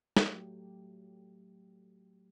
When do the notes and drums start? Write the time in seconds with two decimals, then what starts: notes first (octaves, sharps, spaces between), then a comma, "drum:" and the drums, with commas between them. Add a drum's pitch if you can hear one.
0.17 F#3 A3 G4, drum: snare